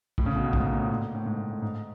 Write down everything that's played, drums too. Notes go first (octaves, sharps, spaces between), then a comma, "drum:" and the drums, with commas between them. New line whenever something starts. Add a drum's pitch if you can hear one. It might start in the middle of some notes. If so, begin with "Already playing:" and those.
A2, drum: kick A#1
C#3
B2
A2
G#2, drum: kick A#1
G#2
A#2
A2
A#2
A#2
A2
G#2
A2
A2
G#2